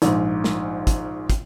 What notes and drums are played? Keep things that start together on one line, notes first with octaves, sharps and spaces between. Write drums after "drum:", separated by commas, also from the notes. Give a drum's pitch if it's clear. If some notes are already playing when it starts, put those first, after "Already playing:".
A#1 G#2, drum: hi-hat
drum: snare
drum: kick, hi-hat
drum: kick, hi-hat